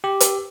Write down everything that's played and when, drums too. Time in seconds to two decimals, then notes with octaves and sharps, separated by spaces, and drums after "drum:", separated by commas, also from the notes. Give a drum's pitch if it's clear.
0.04 G4
0.20 drum: hi-hat